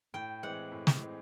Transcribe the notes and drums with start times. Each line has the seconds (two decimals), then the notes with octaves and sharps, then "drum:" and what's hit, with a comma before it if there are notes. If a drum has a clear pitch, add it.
0.14 A2 G5
0.43 E3 G#3 C4 F#5
0.72 A2
0.87 drum: snare
1.01 E3 G#3 C4